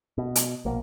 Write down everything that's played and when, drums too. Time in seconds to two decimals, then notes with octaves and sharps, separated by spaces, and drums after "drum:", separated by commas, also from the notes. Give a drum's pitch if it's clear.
0.18 B2
0.36 drum: hi-hat
0.65 A#1 B2 A#3